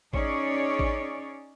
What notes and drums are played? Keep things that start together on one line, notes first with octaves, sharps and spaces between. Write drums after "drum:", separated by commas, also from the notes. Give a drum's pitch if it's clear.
C#4 D#4 G#4 C#5 D5, drum: kick A1
drum: kick A1